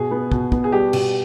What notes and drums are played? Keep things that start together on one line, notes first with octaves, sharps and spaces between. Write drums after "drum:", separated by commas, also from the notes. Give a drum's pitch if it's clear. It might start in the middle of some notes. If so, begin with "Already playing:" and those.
Already playing: B2 G#4
B3
B2, drum: kick
B3, drum: kick
G#4
G3 G4
B2, drum: cymbal